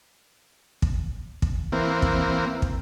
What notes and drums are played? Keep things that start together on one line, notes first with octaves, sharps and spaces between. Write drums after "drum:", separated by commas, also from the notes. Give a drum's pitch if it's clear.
drum: kick
drum: kick
E3 A#3 C4
drum: kick
drum: kick